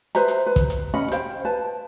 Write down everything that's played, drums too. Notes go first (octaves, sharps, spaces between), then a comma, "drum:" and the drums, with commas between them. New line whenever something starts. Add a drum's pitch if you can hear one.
B4 C5 E5 A#5, drum: hi-hat
drum: hi-hat
B4
drum: kick, hi-hat
drum: hi-hat
C#4 D#5 F#5 B5
C5 F5 G5, drum: hi-hat
B4 A5